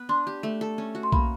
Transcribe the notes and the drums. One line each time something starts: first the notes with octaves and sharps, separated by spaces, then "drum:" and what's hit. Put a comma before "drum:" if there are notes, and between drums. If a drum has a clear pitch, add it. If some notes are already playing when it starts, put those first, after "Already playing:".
Already playing: B3 B4
D4 C6
G4
A3
A4
C#4
F#4
C6
A#3 B5, drum: kick B1